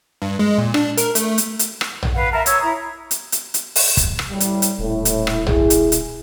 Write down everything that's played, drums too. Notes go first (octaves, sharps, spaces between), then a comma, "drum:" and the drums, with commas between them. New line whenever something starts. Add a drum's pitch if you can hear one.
G2
G#3
A#2
D4, drum: rim click
A#4, drum: hi-hat
A3, drum: hi-hat
drum: hi-hat
drum: hi-hat
drum: rim click
drum: tom A#1
B4 F5 F#5
A#4 E5 A5 A#5
C#5 E6, drum: hi-hat
E4 A#5 D#6
drum: hi-hat
drum: hi-hat
drum: hi-hat
drum: open hi-hat
drum: kick, hi-hat
drum: rim click
A2 G3
drum: hi-hat
drum: hi-hat
D#1 A2
drum: hi-hat
drum: rim click
E4 G#4, drum: tom A#1
drum: hi-hat
drum: hi-hat